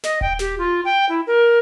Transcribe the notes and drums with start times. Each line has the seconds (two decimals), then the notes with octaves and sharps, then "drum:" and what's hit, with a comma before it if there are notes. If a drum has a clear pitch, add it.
0.04 D#5, drum: snare
0.21 G5, drum: kick D#1
0.39 G4, drum: snare
0.58 F4
0.84 G5
1.08 E4
1.27 A#4